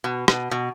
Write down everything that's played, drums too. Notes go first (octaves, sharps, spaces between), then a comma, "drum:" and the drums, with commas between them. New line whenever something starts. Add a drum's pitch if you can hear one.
B2
B2, drum: rim click
B2